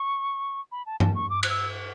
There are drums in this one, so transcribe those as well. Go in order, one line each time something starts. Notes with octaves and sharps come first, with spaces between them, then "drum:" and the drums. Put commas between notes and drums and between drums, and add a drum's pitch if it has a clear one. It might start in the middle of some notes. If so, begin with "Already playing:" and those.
Already playing: C#6
B5
A5
A5, drum: tom G2
C#6
D6
F#6, drum: cymbal
E6